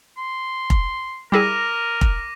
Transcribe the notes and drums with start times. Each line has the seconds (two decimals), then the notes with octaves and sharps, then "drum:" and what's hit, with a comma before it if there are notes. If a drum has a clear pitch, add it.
0.18 C6
0.70 drum: kick F1
1.32 G3 E4 G#4 A#4 D6 A#6 D#7
2.01 drum: kick F1